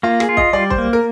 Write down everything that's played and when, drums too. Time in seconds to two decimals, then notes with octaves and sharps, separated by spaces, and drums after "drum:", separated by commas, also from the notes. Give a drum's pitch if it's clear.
0.03 A#3 F4
0.20 G#4, drum: rim click
0.29 F4
0.37 D#5, drum: kick
0.53 G3 D5
0.70 C5, drum: kick
0.78 A#3
0.93 A#4